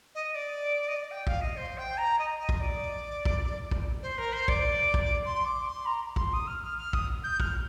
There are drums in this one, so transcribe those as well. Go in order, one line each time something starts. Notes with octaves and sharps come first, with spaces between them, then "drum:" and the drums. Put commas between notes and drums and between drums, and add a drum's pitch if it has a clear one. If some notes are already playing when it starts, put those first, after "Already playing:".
D#5
D5
D#5
D5
G5
F5, drum: kick
D#5
C5
G5
A#5
D#5
D#5
drum: kick
D5
drum: kick
drum: kick
C5
A#4
C5
D5, drum: kick
drum: kick
C6
D6
C6
A#5
C6, drum: kick
D#6
F6
F6
F6
D#6, drum: kick
G6
F6, drum: kick